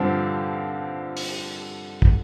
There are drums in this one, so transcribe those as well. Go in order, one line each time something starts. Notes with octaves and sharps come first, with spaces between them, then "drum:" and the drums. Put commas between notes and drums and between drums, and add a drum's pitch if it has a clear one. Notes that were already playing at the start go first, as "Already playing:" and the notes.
Already playing: G2 D3 F3 C4 F4
drum: open hi-hat
drum: kick